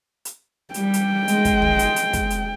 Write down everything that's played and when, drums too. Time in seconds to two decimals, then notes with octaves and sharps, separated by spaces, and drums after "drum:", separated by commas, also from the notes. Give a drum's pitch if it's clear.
0.25 drum: hi-hat
0.74 G3 G5, drum: hi-hat
0.94 drum: hi-hat
1.28 G#3, drum: hi-hat
1.45 drum: kick, hi-hat
1.62 drum: tom
1.79 drum: hi-hat
1.96 drum: hi-hat
2.13 drum: kick, hi-hat
2.30 drum: hi-hat